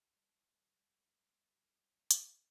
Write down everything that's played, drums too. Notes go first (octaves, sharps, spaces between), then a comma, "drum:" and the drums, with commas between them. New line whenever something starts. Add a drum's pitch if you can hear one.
G3 B4 A5
drum: hi-hat